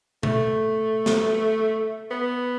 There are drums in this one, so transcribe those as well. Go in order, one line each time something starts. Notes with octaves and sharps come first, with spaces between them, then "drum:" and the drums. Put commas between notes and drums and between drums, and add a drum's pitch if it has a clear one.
A3, drum: tom B2
drum: snare
B3